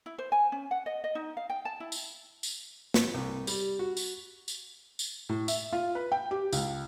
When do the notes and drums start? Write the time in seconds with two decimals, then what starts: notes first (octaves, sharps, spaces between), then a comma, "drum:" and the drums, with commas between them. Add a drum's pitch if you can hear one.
0.06 E4
0.18 C5
0.32 G#5
0.52 C#4
0.71 F#5
0.86 D#5
1.04 D#5
1.15 D#4
1.37 F5
1.50 G5
1.65 A5
1.80 E4
1.92 drum: tambourine
2.43 drum: tambourine
2.94 drum: snare
3.14 C2
3.47 G3, drum: tambourine
3.79 F#4
3.97 drum: tambourine
4.48 drum: tambourine
4.99 drum: tambourine
5.29 A2
5.48 E5, drum: tambourine
5.73 F4
5.95 B4
6.12 G5
6.31 G4
6.53 C#2, drum: tambourine